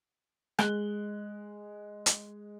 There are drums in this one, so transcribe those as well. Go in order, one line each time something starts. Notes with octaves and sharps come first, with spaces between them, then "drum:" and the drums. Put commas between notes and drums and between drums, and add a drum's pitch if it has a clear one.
G#3 F#6 G7, drum: rim click
drum: hi-hat